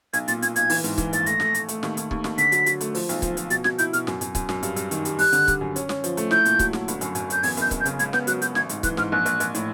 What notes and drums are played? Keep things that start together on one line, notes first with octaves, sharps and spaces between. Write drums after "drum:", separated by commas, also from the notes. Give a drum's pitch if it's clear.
B1 G#6, drum: hi-hat
A#2 A6, drum: hi-hat
A#2 G#6, drum: hi-hat
B1 G#6, drum: hi-hat
E3, drum: open hi-hat
G#2, drum: hi-hat
E3, drum: kick C#1, hi-hat
A#1 A6, drum: hi-hat
A3 A#6, drum: hi-hat
A3, drum: snare
A3, drum: hi-hat
A3, drum: hi-hat
D#2, drum: snare
D#2, drum: hi-hat
D#2, drum: kick C#1
D#2, drum: snare
D3 B6, drum: hi-hat
F#3, drum: hi-hat
F#3, drum: hi-hat
A3, drum: hi-hat
F3, drum: open hi-hat
B1, drum: hi-hat
F3, drum: kick C#1, hi-hat
F3, drum: hi-hat
B2 A6, drum: hi-hat
B2 G#6, drum: snare
E4 G6, drum: hi-hat
B2 F6, drum: hi-hat
F#2, drum: snare
F#2, drum: hi-hat
F#2, drum: kick C#1, hi-hat
F#2, drum: snare
G2, drum: hi-hat
G2, drum: hi-hat
D#3, drum: hi-hat
G3, drum: hi-hat
G3 F#6, drum: open hi-hat
D3, drum: hi-hat
G3, drum: kick C#1, hi-hat
F#2
C#4, drum: hi-hat
C#4, drum: snare
F3, drum: hi-hat
A3, drum: hi-hat
E4 G6, drum: snare
A#2, drum: hi-hat
F#3, drum: kick C#1, hi-hat
F#3, drum: snare
G1, drum: hi-hat
F#2, drum: hi-hat
F#2, drum: hi-hat
F#2 G6, drum: hi-hat
E2 G#6, drum: open hi-hat
F#1 G6, drum: hi-hat
F#1, drum: kick C#1, hi-hat
G6
C#3, drum: hi-hat
C#2 G#6, drum: hi-hat
B3 G6, drum: snare
F#3 F#6, drum: hi-hat
F#3 G6, drum: hi-hat
A1 G#6, drum: snare
G#2, drum: hi-hat
E3 F#6, drum: kick C#1, hi-hat
G#2 F6, drum: snare
A#1 F#6
A#1, drum: hi-hat
A#1, drum: hi-hat
A2, drum: hi-hat